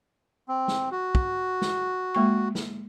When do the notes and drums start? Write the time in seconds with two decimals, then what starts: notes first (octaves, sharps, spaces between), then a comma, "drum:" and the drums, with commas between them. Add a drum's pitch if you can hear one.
0.48 C4
0.68 drum: snare
0.91 F#4
1.15 drum: kick
1.62 drum: snare
2.15 G#3 A#3 C#6
2.55 drum: snare